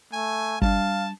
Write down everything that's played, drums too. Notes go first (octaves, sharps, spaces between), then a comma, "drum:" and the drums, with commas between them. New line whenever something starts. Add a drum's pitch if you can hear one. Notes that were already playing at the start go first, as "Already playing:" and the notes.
A3 G#5
G3 C#4 D4 F5 A5, drum: kick G1